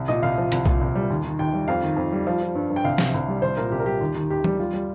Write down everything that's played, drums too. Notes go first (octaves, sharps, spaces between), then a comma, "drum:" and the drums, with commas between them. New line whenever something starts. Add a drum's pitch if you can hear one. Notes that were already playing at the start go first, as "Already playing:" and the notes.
Already playing: C2
A#2 D#5
C2 F5
F3
C2, drum: hi-hat
A#2, drum: kick B1
C2
G3
D#2
D#3
D#2 G5
G3
F2 F5
D#3
F2
G3
F3 F5
F3
G2
G2
G5
C2 F5
C3, drum: snare
C2
G3
C2 C5
A#2 A#4
C2 G4
A#4
G3 G4
D#2
D#3
D#2 G4
G3, drum: tom
G3 F4
G3